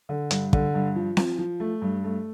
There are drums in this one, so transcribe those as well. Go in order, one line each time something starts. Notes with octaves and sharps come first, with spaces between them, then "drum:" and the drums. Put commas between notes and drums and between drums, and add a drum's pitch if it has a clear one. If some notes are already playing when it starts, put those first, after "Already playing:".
D3
G2, drum: hi-hat
D3, drum: kick
G2
F3
F3, drum: snare C4
F3
A3
G2
A3